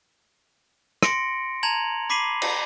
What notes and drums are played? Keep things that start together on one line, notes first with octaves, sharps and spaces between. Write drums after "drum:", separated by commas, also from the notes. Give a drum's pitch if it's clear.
C6 A#6 C#7 D7, drum: rim click
A5 A#5 G#6 F7 F#7
B5 D6 B6 C7 D#7 F#7
drum: cymbal